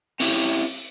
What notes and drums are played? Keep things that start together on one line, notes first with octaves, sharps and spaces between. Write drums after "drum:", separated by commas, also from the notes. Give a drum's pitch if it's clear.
C4 C#4 E4 G4 E5, drum: open hi-hat